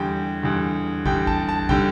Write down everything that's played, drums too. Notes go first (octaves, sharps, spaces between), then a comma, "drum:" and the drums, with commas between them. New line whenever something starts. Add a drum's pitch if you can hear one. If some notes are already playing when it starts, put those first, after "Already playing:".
Already playing: E2 D3 G3 G5
E2 D3 G3
E2 D3 G3 G5, drum: kick
A5, drum: kick
A5
D3 G3 G5, drum: kick